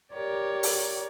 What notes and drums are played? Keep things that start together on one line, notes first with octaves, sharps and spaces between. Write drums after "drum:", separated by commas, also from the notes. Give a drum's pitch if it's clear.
G4 A#4 C#5 D5
drum: open hi-hat